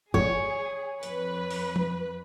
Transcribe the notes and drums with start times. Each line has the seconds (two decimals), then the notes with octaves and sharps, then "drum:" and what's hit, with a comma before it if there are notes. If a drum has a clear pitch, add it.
0.14 G#4 C#5, drum: kick
1.03 F2 B4, drum: hi-hat
1.51 drum: open hi-hat
1.76 drum: tom F3